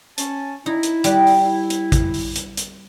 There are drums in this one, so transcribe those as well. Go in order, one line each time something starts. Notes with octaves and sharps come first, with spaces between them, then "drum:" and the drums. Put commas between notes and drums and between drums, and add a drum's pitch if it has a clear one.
C#4 A5, drum: hi-hat
D#4 E4
drum: hi-hat
G3 B4, drum: hi-hat
drum: open hi-hat
E4
drum: hi-hat
drum: kick, hi-hat
drum: open hi-hat
drum: hi-hat
drum: hi-hat